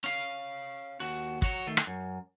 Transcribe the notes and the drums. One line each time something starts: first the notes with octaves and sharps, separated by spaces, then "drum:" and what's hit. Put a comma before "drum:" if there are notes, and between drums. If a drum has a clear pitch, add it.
C#4 F5
D#2 F#4
F#4 C#5, drum: kick
D#3 A3
drum: rim click
F#2